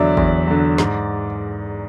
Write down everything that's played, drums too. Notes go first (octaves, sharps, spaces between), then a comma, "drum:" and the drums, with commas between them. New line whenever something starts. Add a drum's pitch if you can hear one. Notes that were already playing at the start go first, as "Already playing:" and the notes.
Already playing: E2 D3 F#3 D5 E5
E2, drum: kick
D3 F#3
G#2, drum: snare